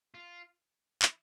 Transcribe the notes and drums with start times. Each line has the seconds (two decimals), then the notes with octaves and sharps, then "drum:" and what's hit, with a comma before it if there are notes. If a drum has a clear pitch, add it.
0.14 F4
1.02 E4, drum: clap